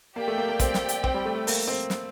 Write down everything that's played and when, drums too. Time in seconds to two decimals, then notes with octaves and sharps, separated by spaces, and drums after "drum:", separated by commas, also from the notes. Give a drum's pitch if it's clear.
0.16 A#3 G4 D5 G5
0.28 A3
0.38 A#3
0.49 A#3
0.59 C4, drum: kick, hi-hat
0.74 drum: snare
0.89 drum: hi-hat
1.04 C4, drum: kick
1.14 G3
1.25 A3
1.35 A3
1.47 A#3, drum: open hi-hat
1.68 C4
1.90 drum: snare